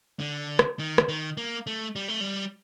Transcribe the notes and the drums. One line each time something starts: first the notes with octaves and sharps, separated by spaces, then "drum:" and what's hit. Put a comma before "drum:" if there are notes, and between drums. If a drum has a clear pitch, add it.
D3
drum: rim click
D#3
drum: rim click
D#3
A#3
A3
G3
A3
G3